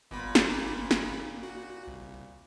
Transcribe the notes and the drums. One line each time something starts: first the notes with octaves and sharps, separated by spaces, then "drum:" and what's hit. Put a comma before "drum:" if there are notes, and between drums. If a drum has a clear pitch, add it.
G1 A#2 B3 B5
drum: snare
drum: snare
F#4
C2